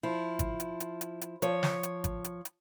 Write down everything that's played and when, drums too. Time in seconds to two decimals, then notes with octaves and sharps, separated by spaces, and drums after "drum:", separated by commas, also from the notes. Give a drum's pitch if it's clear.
0.03 F3 E4
0.39 drum: kick, hi-hat
0.60 drum: hi-hat
0.80 drum: hi-hat
1.01 drum: hi-hat
1.21 drum: hi-hat
1.42 F3 C#5, drum: hi-hat
1.63 drum: snare
1.83 drum: hi-hat
2.04 drum: kick, hi-hat
2.24 drum: hi-hat
2.45 drum: hi-hat